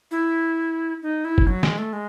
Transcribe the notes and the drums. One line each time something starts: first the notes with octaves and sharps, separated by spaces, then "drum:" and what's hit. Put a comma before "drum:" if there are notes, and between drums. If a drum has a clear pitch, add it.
E4
D#4
E4
drum: kick
F#3
G#3, drum: snare
A3
G#3